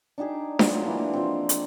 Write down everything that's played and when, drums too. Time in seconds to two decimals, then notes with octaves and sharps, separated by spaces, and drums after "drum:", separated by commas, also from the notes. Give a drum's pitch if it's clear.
0.18 D4 D#4 G4 G#4
0.59 F#3 F4 F#4, drum: snare D4
0.83 E3 A#3 D4
1.13 F3 C4
1.49 drum: hi-hat